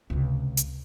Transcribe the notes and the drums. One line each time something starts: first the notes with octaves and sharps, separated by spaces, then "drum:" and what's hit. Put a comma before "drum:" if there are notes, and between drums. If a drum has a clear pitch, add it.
C#2 C3
drum: hi-hat